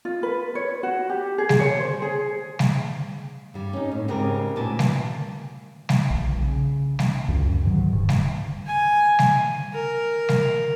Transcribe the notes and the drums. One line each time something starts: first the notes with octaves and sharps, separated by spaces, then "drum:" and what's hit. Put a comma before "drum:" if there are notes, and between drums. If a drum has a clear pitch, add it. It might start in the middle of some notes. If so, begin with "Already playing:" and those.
F4
B4
C#5
F#4
G4
G#4
drum: snare
C#5
C5
G#4
drum: snare
G2 G3
C#4 D#4
A2
G#2 C#3 C4 D#4 G4 A#4
D2 A#2 B4 G#5 A5
drum: snare
drum: snare
A#1
C#3
drum: snare
C#2 F#2
G#2 D3 D#3 F#3
D1 G2
drum: snare
G#5
drum: snare
A#4
drum: snare